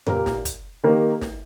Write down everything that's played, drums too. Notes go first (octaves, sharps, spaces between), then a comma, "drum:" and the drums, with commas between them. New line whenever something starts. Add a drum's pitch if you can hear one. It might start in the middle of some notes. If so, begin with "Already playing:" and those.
A#2 A#3 G4 A#4, drum: tom F2
drum: snare
drum: kick, hi-hat
D#3 A#3 G4
drum: snare